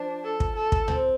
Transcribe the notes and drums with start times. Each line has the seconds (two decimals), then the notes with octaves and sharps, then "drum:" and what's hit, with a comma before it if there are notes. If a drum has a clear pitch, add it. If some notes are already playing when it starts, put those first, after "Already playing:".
Already playing: F3 D4
0.25 A4
0.40 drum: kick
0.56 A4
0.72 drum: kick
0.88 C4, drum: tom C#2